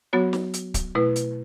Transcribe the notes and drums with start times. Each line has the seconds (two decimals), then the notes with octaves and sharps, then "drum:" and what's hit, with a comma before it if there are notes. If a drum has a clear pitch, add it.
0.13 F#3 B3 F#4 C#5
0.33 drum: snare
0.54 drum: hi-hat
0.74 drum: kick C#1, hi-hat
0.95 B2 A3 E4 B4
1.16 drum: hi-hat